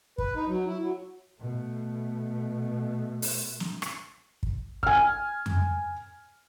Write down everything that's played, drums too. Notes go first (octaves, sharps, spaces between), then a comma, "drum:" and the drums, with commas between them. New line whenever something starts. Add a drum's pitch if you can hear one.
B4, drum: kick
D#4
F#3
E4
F#3
B2 A3
drum: open hi-hat
drum: snare
drum: rim click
drum: kick
G#5 F6, drum: kick
drum: tom F2